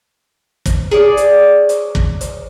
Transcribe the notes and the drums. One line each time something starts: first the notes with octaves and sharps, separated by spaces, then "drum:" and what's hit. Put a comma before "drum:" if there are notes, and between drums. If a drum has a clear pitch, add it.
drum: kick, hi-hat
G#4 C#5 D5
drum: hi-hat
drum: hi-hat
drum: kick
drum: hi-hat